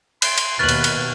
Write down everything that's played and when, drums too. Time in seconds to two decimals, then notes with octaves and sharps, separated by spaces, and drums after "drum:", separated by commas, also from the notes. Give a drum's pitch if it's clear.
0.22 C6 C7 D7, drum: cymbal
0.38 drum: cymbal
0.59 D#2 B2 B4 C#6 F6 F#6 A6 F#7
0.69 drum: cymbal
0.84 drum: cymbal